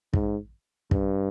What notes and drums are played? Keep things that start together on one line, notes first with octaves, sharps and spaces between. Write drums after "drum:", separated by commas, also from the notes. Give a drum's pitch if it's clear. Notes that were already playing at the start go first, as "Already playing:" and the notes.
G#2, drum: kick
G2, drum: kick